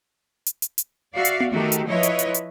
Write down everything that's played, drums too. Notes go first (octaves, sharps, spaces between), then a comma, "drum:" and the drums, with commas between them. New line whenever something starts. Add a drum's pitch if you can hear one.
drum: hi-hat
drum: hi-hat
drum: hi-hat
F#4 D5 E5 F5
drum: hi-hat
drum: tom B3
D#3 A3 F#4 G4 A4
drum: hi-hat
F3 E4 B4 C#5 D#5
drum: hi-hat
drum: hi-hat
drum: hi-hat